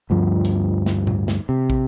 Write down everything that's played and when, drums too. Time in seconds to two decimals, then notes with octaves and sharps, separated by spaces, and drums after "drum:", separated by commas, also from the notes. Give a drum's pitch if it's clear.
0.10 D2 G2 F3
0.45 drum: hi-hat
0.86 drum: snare
1.07 drum: tom A2
1.28 drum: snare
1.49 C3
1.70 drum: kick